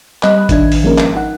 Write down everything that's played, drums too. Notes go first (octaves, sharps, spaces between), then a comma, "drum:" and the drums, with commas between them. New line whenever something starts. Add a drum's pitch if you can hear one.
G3 C4 D#5 B5 F#6, drum: clap
A1 D#3 D4 E5 G#6, drum: kick G1, hi-hat
drum: open hi-hat
F3 G#3 A#3 C#4 D#4 A#4
G#1, drum: clap
D#4 F#5